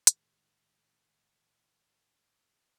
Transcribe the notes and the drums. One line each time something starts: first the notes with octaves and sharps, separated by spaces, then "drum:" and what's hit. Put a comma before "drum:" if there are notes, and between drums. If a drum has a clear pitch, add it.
A2 D#3 G#3, drum: hi-hat